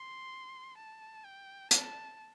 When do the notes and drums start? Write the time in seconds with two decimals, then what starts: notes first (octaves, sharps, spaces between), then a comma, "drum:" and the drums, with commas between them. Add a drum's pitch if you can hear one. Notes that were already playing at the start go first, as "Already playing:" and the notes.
Already playing: C6
0.78 A5
1.25 G5
1.71 A5, drum: hi-hat